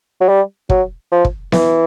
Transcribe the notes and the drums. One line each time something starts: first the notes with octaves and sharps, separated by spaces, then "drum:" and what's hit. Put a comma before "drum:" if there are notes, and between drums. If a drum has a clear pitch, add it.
F#3
G3
F#3, drum: kick
F3
drum: kick
E3, drum: snare B3